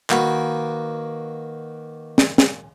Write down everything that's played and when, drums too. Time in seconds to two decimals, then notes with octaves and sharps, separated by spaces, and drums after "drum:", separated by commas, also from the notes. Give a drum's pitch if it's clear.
0.10 D#3 A#3 F#4 B4, drum: clap
2.18 drum: snare
2.38 drum: snare